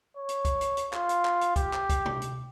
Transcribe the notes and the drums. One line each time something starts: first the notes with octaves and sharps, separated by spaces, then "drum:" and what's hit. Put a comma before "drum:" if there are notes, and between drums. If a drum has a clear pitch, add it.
C#5
drum: hi-hat
drum: kick, hi-hat
drum: hi-hat
drum: hi-hat
F4, drum: clap
drum: hi-hat
drum: clap
drum: hi-hat
G4, drum: kick, hi-hat
drum: clap
drum: kick, hi-hat
drum: tom B2
drum: hi-hat